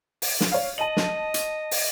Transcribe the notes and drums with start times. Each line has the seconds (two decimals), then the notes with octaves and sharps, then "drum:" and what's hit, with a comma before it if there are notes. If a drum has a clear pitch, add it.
0.22 drum: open hi-hat
0.41 drum: snare
0.52 C#5 F5
0.78 D#5 A5 D#7 F#7
0.97 drum: snare
1.34 drum: hi-hat
1.71 drum: open hi-hat